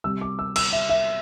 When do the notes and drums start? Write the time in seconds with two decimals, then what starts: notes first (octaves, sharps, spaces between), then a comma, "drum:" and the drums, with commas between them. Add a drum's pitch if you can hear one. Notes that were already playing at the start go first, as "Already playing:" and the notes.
0.04 C3 G3 E6
0.21 D6
0.39 E6
0.56 E6, drum: cymbal
0.73 E5
0.89 E5